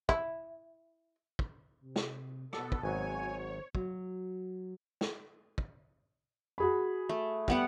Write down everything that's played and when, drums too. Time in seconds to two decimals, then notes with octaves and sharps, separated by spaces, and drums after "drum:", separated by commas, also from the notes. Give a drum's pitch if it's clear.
0.09 E4, drum: kick
1.39 drum: kick
1.81 C3
1.96 drum: snare
2.53 B2 B3 A4, drum: rim click
2.72 drum: kick
2.83 G#1 F#3 C5 C#5 G#5
3.75 F#3, drum: kick
5.01 drum: snare
5.58 drum: kick
6.58 F#4 G#4 B5
7.09 A3
7.48 G3 B3 F#5, drum: kick